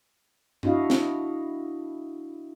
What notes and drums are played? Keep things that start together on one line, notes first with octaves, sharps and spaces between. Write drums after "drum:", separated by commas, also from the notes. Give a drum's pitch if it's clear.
D4 E4 F#4 D#5 F5, drum: tom G2
drum: snare